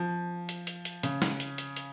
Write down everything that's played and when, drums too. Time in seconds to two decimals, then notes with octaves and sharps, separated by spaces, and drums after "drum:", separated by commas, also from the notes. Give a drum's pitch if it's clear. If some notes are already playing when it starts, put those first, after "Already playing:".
Already playing: F3
0.49 drum: hi-hat
0.67 drum: hi-hat
0.85 drum: hi-hat
1.03 C#3, drum: hi-hat
1.22 drum: snare
1.40 drum: hi-hat
1.58 drum: hi-hat
1.76 drum: hi-hat